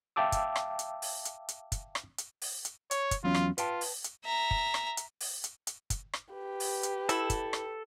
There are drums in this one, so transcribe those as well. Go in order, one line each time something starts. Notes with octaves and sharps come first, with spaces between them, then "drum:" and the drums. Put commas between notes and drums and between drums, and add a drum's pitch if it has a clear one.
E5 F5 G5 A5 D6 E6
drum: kick, hi-hat
drum: rim click
drum: hi-hat
drum: open hi-hat
drum: hi-hat
drum: hi-hat
drum: kick, hi-hat
drum: rim click
drum: hi-hat
drum: open hi-hat
drum: hi-hat
C#5, drum: hi-hat
drum: kick, hi-hat
E2 F#3 C#4 F4
drum: rim click
F4 B4 G5 A5, drum: hi-hat
drum: open hi-hat
drum: hi-hat
E5 A#5
drum: kick
drum: rim click
drum: hi-hat
drum: open hi-hat
drum: hi-hat
drum: hi-hat
drum: kick, hi-hat
drum: rim click
G4 B4
drum: open hi-hat
drum: hi-hat
E4 A4, drum: hi-hat
drum: kick, hi-hat
drum: rim click